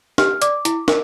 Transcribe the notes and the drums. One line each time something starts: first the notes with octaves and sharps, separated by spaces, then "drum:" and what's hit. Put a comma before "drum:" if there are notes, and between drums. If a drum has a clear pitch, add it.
G4 F6, drum: snare
D5 D6, drum: hi-hat
E4, drum: hi-hat
A#4, drum: snare